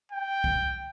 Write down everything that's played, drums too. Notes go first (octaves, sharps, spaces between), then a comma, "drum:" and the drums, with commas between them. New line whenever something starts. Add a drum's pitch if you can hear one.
G5
drum: kick